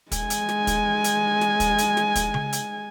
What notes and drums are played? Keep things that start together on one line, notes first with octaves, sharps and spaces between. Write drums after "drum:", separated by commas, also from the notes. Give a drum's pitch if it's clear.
G#3 G#5, drum: kick, hi-hat
drum: hi-hat
drum: snare
drum: kick, hi-hat
drum: hi-hat
drum: snare
drum: kick, hi-hat
drum: hi-hat
drum: snare
drum: kick, hi-hat
drum: tom C#3
drum: hi-hat